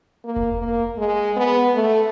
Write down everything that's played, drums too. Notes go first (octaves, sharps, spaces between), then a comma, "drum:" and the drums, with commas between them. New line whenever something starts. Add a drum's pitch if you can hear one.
A#3
drum: kick F1
A#3
G#3
B3
A3